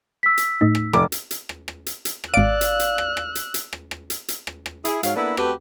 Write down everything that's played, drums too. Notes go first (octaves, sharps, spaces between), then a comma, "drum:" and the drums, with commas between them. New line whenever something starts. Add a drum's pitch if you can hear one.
E6 B6
drum: hi-hat
A2 A3 D#4
drum: rim click
F1 D6, drum: rim click
drum: hi-hat
drum: hi-hat
drum: rim click
drum: rim click
drum: hi-hat
drum: hi-hat
drum: rim click
G#1 D5 F5 E6 F#6 D7
drum: hi-hat
drum: hi-hat
drum: rim click
drum: rim click
drum: hi-hat
drum: hi-hat
drum: rim click
drum: rim click
drum: hi-hat
drum: hi-hat
drum: rim click
drum: rim click
E4 G#4, drum: hi-hat
G#2 F#3 F5, drum: hi-hat
A#3 B3 D4 E4 A4 B4
A3 C4 F#4 G4 B4, drum: rim click